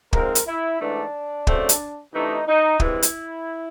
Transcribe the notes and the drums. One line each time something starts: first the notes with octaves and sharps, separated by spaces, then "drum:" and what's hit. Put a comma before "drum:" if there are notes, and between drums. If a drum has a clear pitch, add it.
G#2 F3 G#3 C4 A#4, drum: kick
drum: hi-hat
E4
G#2 E3 A3 D4
C#3 F#3 A3 C4, drum: kick
drum: hi-hat
C3 E3 A3 D4 D#4
D#4
G2 E3 G#3 C4 E4, drum: kick
drum: hi-hat